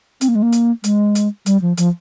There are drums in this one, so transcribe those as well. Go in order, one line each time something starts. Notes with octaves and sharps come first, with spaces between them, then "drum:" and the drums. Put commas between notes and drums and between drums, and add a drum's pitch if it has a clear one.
C4, drum: hi-hat
A#3
G#3
A#3
drum: hi-hat
G#3, drum: hi-hat
drum: hi-hat
G3, drum: hi-hat
F3
F3, drum: hi-hat